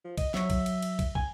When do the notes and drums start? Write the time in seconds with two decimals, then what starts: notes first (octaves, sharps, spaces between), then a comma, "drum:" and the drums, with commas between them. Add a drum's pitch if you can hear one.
0.05 F3
0.18 D#5, drum: kick, cymbal
0.34 F#3 C#5 E5, drum: snare
0.50 drum: kick, cymbal
0.66 drum: cymbal
0.82 drum: cymbal
0.99 drum: kick, cymbal
1.15 G#5, drum: kick